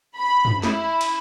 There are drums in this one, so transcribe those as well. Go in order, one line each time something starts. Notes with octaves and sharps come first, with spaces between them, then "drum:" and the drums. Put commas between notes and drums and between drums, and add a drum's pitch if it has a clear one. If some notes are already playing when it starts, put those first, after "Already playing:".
B5
drum: tom
E4, drum: snare
drum: cymbal